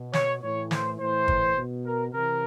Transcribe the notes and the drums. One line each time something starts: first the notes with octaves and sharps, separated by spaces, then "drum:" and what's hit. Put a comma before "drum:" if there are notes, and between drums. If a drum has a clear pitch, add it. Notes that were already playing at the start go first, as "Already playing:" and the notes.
Already playing: B2
C#5, drum: snare
A2 E3 C#5
C5, drum: snare
A2 E3 C5
drum: kick
B2
A#4
C3 E3 A#4